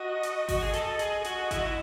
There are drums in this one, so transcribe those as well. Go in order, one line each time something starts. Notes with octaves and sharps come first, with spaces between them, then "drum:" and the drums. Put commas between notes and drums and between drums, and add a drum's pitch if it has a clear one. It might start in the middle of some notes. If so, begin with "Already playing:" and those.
Already playing: F#4 D#5
drum: hi-hat
F#4, drum: kick G#1, open hi-hat
G#4
A4 D#5, drum: hi-hat
G#4, drum: hi-hat
F#4 D#5, drum: hi-hat
E4, drum: kick G#1, hi-hat
F#4
E4